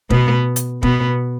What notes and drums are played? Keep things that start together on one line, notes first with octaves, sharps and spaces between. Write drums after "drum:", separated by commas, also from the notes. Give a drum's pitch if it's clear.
B2 B3, drum: kick
drum: hi-hat
B2 B3, drum: kick